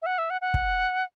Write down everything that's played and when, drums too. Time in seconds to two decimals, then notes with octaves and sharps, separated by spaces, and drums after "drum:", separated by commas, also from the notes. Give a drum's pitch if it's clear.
0.02 E5
0.06 F#5
0.18 E5
0.30 F#5
0.41 F#5
0.54 drum: kick